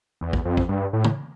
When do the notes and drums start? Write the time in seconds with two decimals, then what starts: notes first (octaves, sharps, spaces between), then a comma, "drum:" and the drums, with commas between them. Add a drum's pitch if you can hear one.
0.21 E2
0.33 drum: kick
0.45 F2
0.57 drum: kick
0.69 G2
0.93 A2
1.04 drum: tom